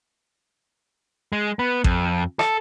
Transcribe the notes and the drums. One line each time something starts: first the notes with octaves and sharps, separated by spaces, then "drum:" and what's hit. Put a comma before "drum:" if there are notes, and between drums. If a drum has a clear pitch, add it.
G#3
B3
F2, drum: kick A1
A4, drum: rim click